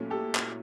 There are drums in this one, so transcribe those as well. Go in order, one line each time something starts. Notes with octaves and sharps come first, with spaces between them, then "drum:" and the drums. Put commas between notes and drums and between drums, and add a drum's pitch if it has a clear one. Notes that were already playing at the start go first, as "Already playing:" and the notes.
Already playing: A#2 F#3 A3 C#4 E4
G4 A4
drum: clap